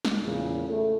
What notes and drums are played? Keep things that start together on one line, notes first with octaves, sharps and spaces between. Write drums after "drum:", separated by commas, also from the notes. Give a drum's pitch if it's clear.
drum: snare
E2 A#2 C#3
A3